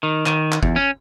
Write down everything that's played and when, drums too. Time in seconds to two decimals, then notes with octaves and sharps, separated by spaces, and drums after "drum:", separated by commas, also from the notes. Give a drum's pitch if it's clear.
0.03 D#3
0.26 D#3, drum: clap
0.52 drum: clap
0.63 E2, drum: kick
0.76 C#4